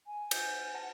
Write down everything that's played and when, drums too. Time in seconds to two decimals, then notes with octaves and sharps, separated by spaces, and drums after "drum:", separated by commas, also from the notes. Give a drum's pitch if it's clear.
0.07 G#5
0.31 G6, drum: cymbal
0.75 F#5 A5 A#6